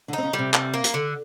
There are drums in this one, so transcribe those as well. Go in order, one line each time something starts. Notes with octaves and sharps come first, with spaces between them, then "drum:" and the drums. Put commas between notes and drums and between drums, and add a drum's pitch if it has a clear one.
D3 D4
C4 D#4
C#3 C#4
G3
C3 C4
G3, drum: clap
A#3
drum: hi-hat
D3